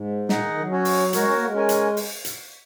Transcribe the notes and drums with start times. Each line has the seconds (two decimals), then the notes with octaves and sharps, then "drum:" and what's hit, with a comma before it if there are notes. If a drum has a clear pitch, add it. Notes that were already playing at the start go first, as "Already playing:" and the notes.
Already playing: G#2
0.29 A#2 D#4 G#4 D#5 F#5, drum: snare
0.40 D#3
0.50 D#3
0.60 F#3
0.71 C#4 F#4 C#5
0.85 drum: open hi-hat
1.13 G#3 F#4 A#4 C#5, drum: hi-hat
1.23 C#4
1.34 A#3
1.44 G#3
1.54 C#4 A#4 C#5 G#5
1.69 drum: hi-hat
1.97 drum: open hi-hat
2.25 drum: hi-hat